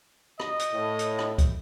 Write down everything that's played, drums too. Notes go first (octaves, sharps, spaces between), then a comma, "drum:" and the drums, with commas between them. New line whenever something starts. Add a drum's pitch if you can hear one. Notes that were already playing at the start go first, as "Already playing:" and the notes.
D#5, drum: rim click
drum: hi-hat
A2
drum: hi-hat
drum: rim click
drum: kick C2, hi-hat